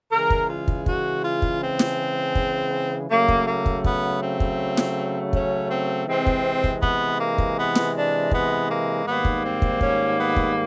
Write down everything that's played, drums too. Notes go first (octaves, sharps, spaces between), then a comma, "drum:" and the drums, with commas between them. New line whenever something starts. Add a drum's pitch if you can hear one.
C#3 E3 G#3 A#4
drum: kick
F4
drum: kick
F#4, drum: kick
F4
drum: kick
C4
drum: snare
drum: kick
C#3 F#3 A3 A#3
drum: kick
A#3
drum: kick
B3, drum: kick
C4
drum: kick
drum: snare
C#4, drum: kick
C4
C3 E3 G#3 C4
drum: kick
drum: kick
B3, drum: kick
A#3
drum: kick
B3
drum: snare
D4
B3, drum: kick
A#3
G#2 D#3 G3 A#3 B3
drum: kick
C4
drum: kick
C#4, drum: kick
B3
drum: kick